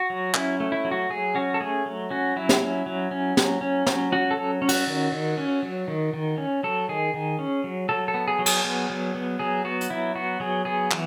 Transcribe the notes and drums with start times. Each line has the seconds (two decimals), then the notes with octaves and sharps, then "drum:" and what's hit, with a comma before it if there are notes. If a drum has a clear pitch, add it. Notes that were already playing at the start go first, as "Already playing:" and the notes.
Already playing: F#4
0.10 F#3
0.34 C#4 E4, drum: clap
0.60 A3
0.72 E4
0.85 F#3
0.91 F#4
1.10 F#3 G#4
1.35 C#4 F#4
1.54 A4
1.61 A3 G#4
1.86 F#3
2.10 C#4 F#4
2.36 F#3 E4
2.49 drum: snare
2.61 C#4
2.86 F#3
3.11 C#4
3.37 F#3, drum: snare
3.61 C#4
3.87 F#3, drum: snare
4.12 C#4 F#4
4.31 A4
4.37 F#3
4.62 C#4
4.69 F#4, drum: cymbal
4.87 D#3
5.12 D#3
5.37 C#4
5.63 F#3
5.88 D#3
6.14 D#3
6.38 C#4
6.63 F#3 A4
6.89 D#3 G#4
7.14 D#3
7.39 C#4
7.64 F#3
7.89 F#3 A4
8.08 A4
8.14 B3
8.28 G#4
8.39 F#3
8.46 G#4, drum: cymbal
8.64 B3
8.90 F#3
9.15 B3
9.39 F#3 G#4
9.65 B3 F#4
9.81 drum: hi-hat
9.90 F#3 E4
10.15 B3 F#4
10.40 F#3 G#4
10.65 B3 G#4
10.91 E3, drum: clap